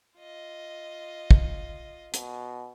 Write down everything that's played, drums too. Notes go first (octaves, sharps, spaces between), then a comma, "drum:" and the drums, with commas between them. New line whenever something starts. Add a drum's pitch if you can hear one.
F4 D#5
drum: kick
B2, drum: hi-hat